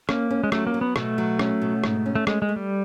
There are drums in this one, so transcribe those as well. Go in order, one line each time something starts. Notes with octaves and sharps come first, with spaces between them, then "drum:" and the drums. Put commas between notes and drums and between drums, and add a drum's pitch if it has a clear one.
A#3 C#4, drum: rim click
C#4
G#3
F#3 A3, drum: rim click
A#3
F#3
B3
B2 A3, drum: rim click
F#3
C#4, drum: rim click
B2
G#2, drum: rim click
C#4
A3
G#3 A3, drum: rim click
G#3
A3
G3